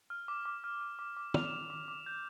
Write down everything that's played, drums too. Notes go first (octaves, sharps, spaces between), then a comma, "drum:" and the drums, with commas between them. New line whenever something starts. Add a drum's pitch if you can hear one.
F6
D6
D6
F6
F6
D6
D6
F6 F7, drum: tom
E7
F6 F7
D6
D6
G6